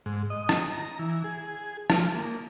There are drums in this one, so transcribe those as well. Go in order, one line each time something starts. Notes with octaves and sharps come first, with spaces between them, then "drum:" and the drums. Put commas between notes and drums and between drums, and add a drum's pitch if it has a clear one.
G#2
D#5
drum: rim click
A#5
E3
G#4
F3, drum: rim click
A#3